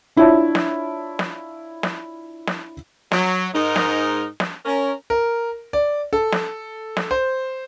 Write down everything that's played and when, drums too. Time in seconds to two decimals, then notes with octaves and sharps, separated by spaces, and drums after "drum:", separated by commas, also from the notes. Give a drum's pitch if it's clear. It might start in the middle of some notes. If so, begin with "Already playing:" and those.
0.16 D4 E4 F4 C#5 A5
0.55 drum: snare
1.19 drum: snare
1.83 drum: snare
2.47 drum: snare
3.12 F#3, drum: snare
3.53 G#2 D#4 A#4
3.76 drum: snare
4.40 drum: snare
4.65 C#4 A#4
5.10 A#4
5.73 D5
6.13 A4
6.32 drum: snare
6.97 drum: snare
7.11 C5